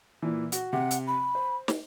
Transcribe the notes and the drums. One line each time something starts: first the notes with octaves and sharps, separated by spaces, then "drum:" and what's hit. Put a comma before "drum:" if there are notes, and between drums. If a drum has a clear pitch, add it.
A#2 E3
F#4, drum: hi-hat
C3 F#5
drum: hi-hat
B5
C5
drum: snare